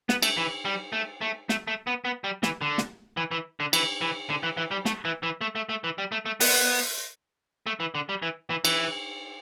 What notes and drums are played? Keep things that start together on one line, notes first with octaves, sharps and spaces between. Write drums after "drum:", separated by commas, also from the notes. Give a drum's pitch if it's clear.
B3, drum: snare
A3, drum: cymbal
E3
G3
A3
A3
A3, drum: snare
A3
B3
B3
G3
E3, drum: snare
D3
drum: snare
E3
E3
D3
E3, drum: cymbal
E3
D3
E3
E3
G3
A3, drum: snare
E3
E3
A3
A3
A3
E3
G3
A3
A3
B3, drum: open hi-hat
A3
E3
D3
G3
E3
E3
E3, drum: cymbal